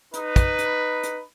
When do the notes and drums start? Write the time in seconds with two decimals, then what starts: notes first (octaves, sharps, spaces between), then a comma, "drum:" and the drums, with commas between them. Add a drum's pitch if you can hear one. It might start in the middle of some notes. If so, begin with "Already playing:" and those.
0.14 D#4 B4, drum: hi-hat
0.36 drum: kick, hi-hat
0.59 drum: hi-hat
1.03 drum: hi-hat